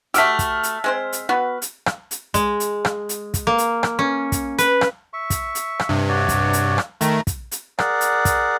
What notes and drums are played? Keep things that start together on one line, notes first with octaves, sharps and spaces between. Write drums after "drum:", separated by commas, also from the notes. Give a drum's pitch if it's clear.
A3 F#4 G4 E6 F6 B6, drum: hi-hat
drum: kick, hi-hat
drum: hi-hat
G#3 C4 C5
drum: hi-hat
B3 F#4 B4
drum: hi-hat
drum: rim click
drum: hi-hat
G#3, drum: kick, hi-hat
drum: hi-hat
drum: rim click
drum: hi-hat
drum: kick, hi-hat
A#3
drum: hi-hat
drum: rim click
C#4
drum: kick, hi-hat
B4, drum: hi-hat
drum: rim click
E5 C#6
drum: kick, hi-hat
drum: hi-hat
drum: rim click
G2 C3
F#4 C#5 D5
drum: kick, hi-hat
drum: hi-hat
drum: rim click
D#3 A3 A#5, drum: hi-hat
drum: kick, hi-hat
drum: hi-hat
G#4 A#4 D5 F#5, drum: rim click
drum: hi-hat
drum: kick, hi-hat